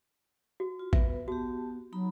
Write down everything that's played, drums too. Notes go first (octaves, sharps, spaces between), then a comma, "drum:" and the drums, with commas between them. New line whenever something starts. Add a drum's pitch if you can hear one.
F#4
F4
B3 B4 E5, drum: kick
B3 F#4 G4 A5
F#3 D#4 A#5 B5